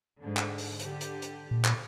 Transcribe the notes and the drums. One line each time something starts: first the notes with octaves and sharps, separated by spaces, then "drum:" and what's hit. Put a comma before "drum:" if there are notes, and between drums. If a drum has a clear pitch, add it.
G#2 D3
drum: clap
drum: open hi-hat
D3 G4, drum: hi-hat
drum: hi-hat
drum: hi-hat
A#2
drum: clap